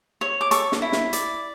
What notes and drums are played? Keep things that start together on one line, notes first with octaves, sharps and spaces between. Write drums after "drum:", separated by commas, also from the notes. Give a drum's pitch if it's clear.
C#5
D6
A4 C#6, drum: hi-hat
drum: snare
E4
drum: snare
D5, drum: hi-hat